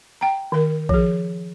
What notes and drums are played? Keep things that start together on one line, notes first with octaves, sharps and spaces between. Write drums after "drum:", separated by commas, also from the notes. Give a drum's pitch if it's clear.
G5 A#5
D#3 A#4
F3 G#4, drum: kick A#1